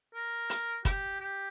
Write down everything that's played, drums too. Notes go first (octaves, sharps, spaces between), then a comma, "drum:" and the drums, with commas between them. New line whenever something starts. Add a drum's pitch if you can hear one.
A#4
drum: hi-hat
G4, drum: kick, hi-hat
G4